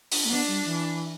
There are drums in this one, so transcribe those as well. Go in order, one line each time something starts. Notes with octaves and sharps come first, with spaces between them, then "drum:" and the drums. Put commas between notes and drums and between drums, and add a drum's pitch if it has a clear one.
D4, drum: open hi-hat
A3
B3 D4
G3
E3